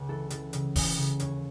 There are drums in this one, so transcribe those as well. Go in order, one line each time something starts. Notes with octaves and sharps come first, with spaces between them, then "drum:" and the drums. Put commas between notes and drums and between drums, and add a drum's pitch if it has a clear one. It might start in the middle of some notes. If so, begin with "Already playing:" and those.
Already playing: C#2 C#3
E3 A4
E3 A4, drum: hi-hat
C#3, drum: hi-hat
E3, drum: kick, open hi-hat
C#3
D#2 C#5, drum: hi-hat